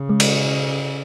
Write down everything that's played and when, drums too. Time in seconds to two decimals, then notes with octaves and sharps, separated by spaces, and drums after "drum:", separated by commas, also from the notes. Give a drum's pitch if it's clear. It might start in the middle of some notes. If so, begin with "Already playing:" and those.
Already playing: C#3
0.09 G#3
0.20 drum: cymbal